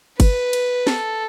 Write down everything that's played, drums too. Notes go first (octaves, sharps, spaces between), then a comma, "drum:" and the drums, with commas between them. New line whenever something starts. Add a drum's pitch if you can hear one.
B4, drum: kick G1, cymbal
drum: cymbal
A4, drum: snare